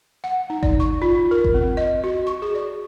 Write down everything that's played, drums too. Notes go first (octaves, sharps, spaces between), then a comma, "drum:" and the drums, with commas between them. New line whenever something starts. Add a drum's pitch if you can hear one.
F#5
D#4
D5, drum: kick G1
C#6
F4
A#4
drum: kick G1
C4
D#5
F#4
C#6
G#4
D5